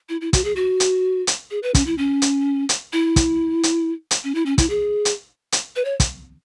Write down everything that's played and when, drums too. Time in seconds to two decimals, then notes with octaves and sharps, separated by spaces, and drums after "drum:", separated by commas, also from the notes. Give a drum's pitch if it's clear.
0.09 E4
0.21 E4
0.33 F#4, drum: kick, hi-hat
0.44 G#4
0.56 F#4
0.80 drum: hi-hat
1.27 drum: hi-hat
1.51 G#4
1.63 B4
1.75 C#4, drum: kick, hi-hat
1.86 E4
1.98 C#4
2.22 drum: hi-hat
2.69 drum: hi-hat
2.93 E4
3.16 drum: kick, hi-hat
3.63 drum: hi-hat
4.11 drum: hi-hat
4.24 C#4
4.35 E4
4.46 C#4
4.58 E4, drum: kick, hi-hat
4.70 G#4
5.05 drum: hi-hat
5.52 drum: hi-hat
5.76 B4
5.85 C#5
6.00 drum: kick, hi-hat